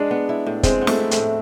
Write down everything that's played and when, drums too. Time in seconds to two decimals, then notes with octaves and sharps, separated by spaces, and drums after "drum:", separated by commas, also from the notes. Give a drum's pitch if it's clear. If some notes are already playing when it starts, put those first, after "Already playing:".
Already playing: G#3 D4
0.11 B3
0.29 E4
0.46 A2
0.63 G#3 C4, drum: kick, hi-hat
0.81 B3
0.87 A3, drum: snare
1.00 E4
1.11 A3, drum: hi-hat
1.18 A2